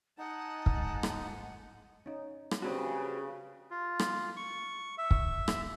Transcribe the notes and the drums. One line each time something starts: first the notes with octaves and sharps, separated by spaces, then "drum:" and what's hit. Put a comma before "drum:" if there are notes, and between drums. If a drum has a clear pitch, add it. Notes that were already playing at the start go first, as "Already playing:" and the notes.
D#4 D#5 F#5 G#5 A5
drum: kick
G#2
drum: rim click
C#4 D#4
drum: rim click
C#3 C4 D4 F#4 G4 B4 A5
F4
drum: rim click
C#6
E5
drum: kick
drum: rim click